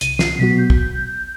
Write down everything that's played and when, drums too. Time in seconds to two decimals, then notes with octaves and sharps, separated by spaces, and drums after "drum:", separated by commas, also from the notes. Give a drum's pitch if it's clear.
0.01 C2 D#7, drum: hi-hat
0.19 C7, drum: snare
0.39 B2 F#3 B3 F#4 B6
0.59 G6
0.70 drum: kick